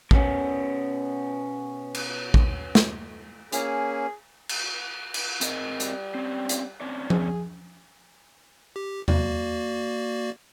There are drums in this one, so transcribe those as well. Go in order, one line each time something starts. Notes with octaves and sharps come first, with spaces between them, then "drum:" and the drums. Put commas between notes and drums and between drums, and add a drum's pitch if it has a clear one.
B2 B3 C#4, drum: kick
drum: cymbal
drum: kick
drum: snare
A#3 C#4 G#4, drum: hi-hat
drum: cymbal
drum: cymbal
C4 A#4 D#5, drum: hi-hat
G3, drum: hi-hat
C4 C#4
drum: hi-hat
C4 C#4 D5
G#4, drum: tom F3
G4
A#3 F#4 D5, drum: tom E2